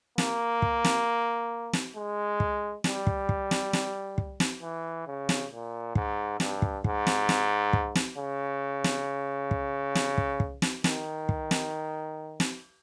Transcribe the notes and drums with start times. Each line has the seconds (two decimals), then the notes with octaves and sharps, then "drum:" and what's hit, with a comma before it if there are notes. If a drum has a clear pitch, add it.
0.18 A#3, drum: snare
0.62 drum: kick
0.84 drum: snare
1.73 drum: snare
1.96 G#3
2.40 drum: kick
2.84 G3, drum: snare
3.07 drum: kick
3.29 drum: kick
3.51 drum: snare
3.73 drum: snare
4.18 drum: kick
4.40 drum: snare
4.62 E3
5.07 C#3
5.29 drum: snare
5.51 A#2
5.95 G#2, drum: kick
6.40 G2, drum: snare
6.62 drum: kick
6.84 G#2, drum: kick
7.07 drum: snare
7.29 drum: snare
7.73 drum: kick
7.95 drum: snare
8.18 C#3
8.84 drum: snare
9.51 drum: kick
9.95 drum: snare
10.18 drum: kick
10.40 drum: kick
10.62 drum: snare
10.84 D#3, drum: snare
11.29 drum: kick
11.51 drum: snare
12.40 drum: snare